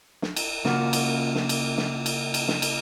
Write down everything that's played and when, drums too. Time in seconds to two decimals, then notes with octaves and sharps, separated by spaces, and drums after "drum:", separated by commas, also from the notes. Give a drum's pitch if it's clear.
0.22 drum: snare
0.36 drum: cymbal
0.65 C#3 A#3 C#4 F4 F#4, drum: snare
0.93 drum: cymbal
1.35 drum: snare
1.49 drum: cymbal
1.78 drum: snare
2.06 drum: cymbal
2.34 drum: cymbal
2.48 drum: snare
2.62 drum: cymbal